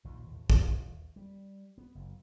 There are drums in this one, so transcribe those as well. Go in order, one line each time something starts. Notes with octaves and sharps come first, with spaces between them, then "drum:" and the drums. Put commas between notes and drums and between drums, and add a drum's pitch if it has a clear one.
A#1 D#2 D#3
E1 A2
D#1, drum: kick
G3
B3
F#1